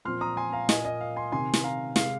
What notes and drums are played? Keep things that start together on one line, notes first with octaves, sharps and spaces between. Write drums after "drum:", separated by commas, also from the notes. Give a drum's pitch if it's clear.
A#2 F3 C4 C6 F6
A#5 D#6
G#5 C6
F5 A#5
A#2 A#3 D#5 G#5, drum: snare
D#5
F5
G#5 C6
C3 D#3 C4 G#5 C6
drum: snare
F5 A#5
C3 G#3 F5, drum: snare